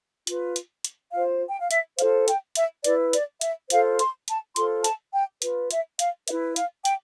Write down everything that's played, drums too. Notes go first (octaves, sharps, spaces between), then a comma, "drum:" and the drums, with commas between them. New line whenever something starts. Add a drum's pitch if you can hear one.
F4 B4, drum: hi-hat
drum: hi-hat
drum: hi-hat
F4 C5 F5
G5
F5
E5, drum: hi-hat
F4 A4 C5 F5, drum: hi-hat
G5, drum: hi-hat
E5, drum: hi-hat
E4 B4 D5, drum: hi-hat
D5, drum: hi-hat
E5, drum: hi-hat
F4 A4 C5 F5, drum: hi-hat
C6, drum: hi-hat
A5, drum: hi-hat
F4 A4 C5 C6, drum: hi-hat
A5, drum: hi-hat
G5
F4 B4, drum: hi-hat
E5, drum: hi-hat
F5, drum: hi-hat
E4 B4 E5, drum: hi-hat
F5, drum: hi-hat
G5, drum: hi-hat